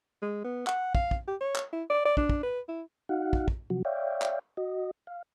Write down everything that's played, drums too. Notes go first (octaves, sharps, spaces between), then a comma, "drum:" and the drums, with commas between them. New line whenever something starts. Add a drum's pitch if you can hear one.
G#3
B3
F#5, drum: clap
F5, drum: kick
drum: kick
G4
C#5
drum: clap
E4
D5
D5
D4, drum: kick
drum: kick
B4
E4
D#4 F#4 F5 F#5
drum: kick
drum: kick
C3 F3 F#3 F#4
C#5 D5 E5 F5 G5
drum: clap
F#4 D#5
F5